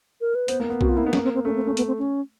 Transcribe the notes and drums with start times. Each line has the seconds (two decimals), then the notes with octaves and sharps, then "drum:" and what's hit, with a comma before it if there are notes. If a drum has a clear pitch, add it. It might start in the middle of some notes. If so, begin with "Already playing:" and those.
0.21 A#4
0.35 B4
0.48 B3 C5, drum: hi-hat
0.60 A#3
0.70 B3
0.81 C4 F#4, drum: kick B1
0.89 F4
0.97 A#3 E4
1.05 B3 D#4
1.13 C#4, drum: snare
1.17 A#3
1.24 C4
1.34 C4
1.45 A3 C#4
1.56 C4
1.66 A3 C#4
1.77 B3, drum: hi-hat
1.87 C4
1.99 C#4